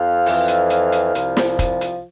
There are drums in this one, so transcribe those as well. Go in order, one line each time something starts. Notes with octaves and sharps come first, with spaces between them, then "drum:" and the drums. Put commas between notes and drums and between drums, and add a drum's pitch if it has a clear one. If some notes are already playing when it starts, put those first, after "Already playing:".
Already playing: F2 F5
F2 E3, drum: open hi-hat
drum: hi-hat
drum: hi-hat
drum: hi-hat
C2 C3 F3, drum: hi-hat
drum: snare
drum: kick, hi-hat
drum: hi-hat